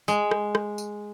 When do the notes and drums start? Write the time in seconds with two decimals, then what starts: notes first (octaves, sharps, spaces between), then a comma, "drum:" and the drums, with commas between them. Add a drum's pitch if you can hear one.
0.08 G#3, drum: tambourine
0.31 drum: rim click
0.55 drum: rim click
0.78 drum: tambourine